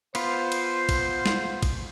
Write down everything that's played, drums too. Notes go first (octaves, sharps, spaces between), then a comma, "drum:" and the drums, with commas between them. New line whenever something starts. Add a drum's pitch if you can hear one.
B3 F4 C5, drum: cymbal
drum: cymbal
drum: kick A#1, cymbal
drum: snare
drum: kick A#1, cymbal